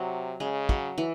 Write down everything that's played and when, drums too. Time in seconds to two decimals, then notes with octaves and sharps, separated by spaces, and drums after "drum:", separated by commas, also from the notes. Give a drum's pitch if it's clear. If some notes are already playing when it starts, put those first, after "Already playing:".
Already playing: C3 F#3
0.40 C#3 G#3
0.69 F#3, drum: kick
0.98 E3